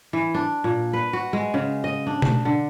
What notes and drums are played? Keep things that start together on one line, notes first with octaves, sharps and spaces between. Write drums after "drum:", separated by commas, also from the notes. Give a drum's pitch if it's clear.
E3
D4
A#2
B4
F#4
G#3
C#3
D#5
D4
drum: tom B2
D3